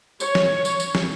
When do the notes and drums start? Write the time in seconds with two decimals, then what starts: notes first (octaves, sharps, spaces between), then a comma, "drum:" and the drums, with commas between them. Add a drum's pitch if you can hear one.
0.20 C#5, drum: tambourine
0.35 drum: snare
0.65 drum: tambourine
0.80 drum: tambourine
0.95 drum: snare